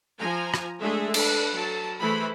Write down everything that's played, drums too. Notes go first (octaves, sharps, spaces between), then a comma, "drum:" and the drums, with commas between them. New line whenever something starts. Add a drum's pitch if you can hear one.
F3 G#5 A#5
drum: rim click
G#3 A3 D4 G#4 A4 E5
D4 A4 B4, drum: cymbal
F#3 A4 A5
E3 A3 E4 G#4 C5 B5